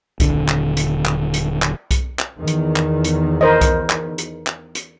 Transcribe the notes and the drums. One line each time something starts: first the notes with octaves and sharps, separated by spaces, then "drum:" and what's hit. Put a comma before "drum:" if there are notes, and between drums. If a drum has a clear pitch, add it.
D#1 D3, drum: kick B1, hi-hat
drum: clap
drum: hi-hat
drum: clap
drum: hi-hat
drum: clap
drum: kick B1, hi-hat
drum: clap
E2 D#3
drum: hi-hat
drum: clap
drum: hi-hat
A#4 C5 D#5
drum: kick B1, hi-hat
drum: clap
drum: hi-hat
drum: clap
drum: hi-hat